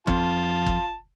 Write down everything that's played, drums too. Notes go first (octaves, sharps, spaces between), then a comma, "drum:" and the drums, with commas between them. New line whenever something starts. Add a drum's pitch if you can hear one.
F2 F4 A5, drum: kick G1
drum: kick G1